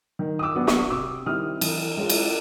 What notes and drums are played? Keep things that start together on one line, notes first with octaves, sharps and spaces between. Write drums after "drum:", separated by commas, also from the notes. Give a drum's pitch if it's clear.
D#3
D#6
D6 E6
F#3 B3 D4
C#6 D#6, drum: snare
C3 D6 E6
D#3 G3 C4 E4 D#6 F6
E3, drum: cymbal
G#3 C#4 F4
drum: cymbal